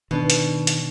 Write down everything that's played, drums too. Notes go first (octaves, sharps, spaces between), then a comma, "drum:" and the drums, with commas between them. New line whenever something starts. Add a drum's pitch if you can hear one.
B2 D#3 D4
drum: hi-hat
drum: hi-hat